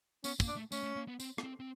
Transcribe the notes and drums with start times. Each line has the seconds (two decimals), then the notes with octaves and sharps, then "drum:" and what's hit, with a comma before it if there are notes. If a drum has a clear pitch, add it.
0.24 B3 C#4, drum: tambourine
0.40 A#3, drum: kick, tambourine
0.48 D4
0.56 A3
0.72 A3 C#4, drum: tambourine
0.83 A3
0.96 A#3
1.08 B3
1.20 C4, drum: tambourine
1.38 B3, drum: rim click
1.43 C4
1.60 C4